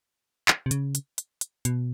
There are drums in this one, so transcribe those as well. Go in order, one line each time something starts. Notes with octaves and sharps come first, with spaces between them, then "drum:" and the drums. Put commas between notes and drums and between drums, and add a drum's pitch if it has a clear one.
drum: clap
C3
C#3, drum: hi-hat
drum: hi-hat
drum: hi-hat
drum: hi-hat
B2, drum: hi-hat